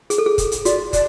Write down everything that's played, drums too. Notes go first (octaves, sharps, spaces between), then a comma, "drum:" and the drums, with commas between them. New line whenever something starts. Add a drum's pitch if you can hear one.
G#4, drum: hi-hat
A4
G#4
drum: kick, hi-hat
drum: hi-hat
F#4 D5, drum: hi-hat
D5, drum: kick, hi-hat